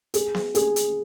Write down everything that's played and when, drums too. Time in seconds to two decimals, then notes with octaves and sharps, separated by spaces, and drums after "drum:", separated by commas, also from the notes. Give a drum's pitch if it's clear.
0.14 G#4, drum: hi-hat
0.35 drum: snare B3
0.55 G#4, drum: hi-hat
0.76 drum: hi-hat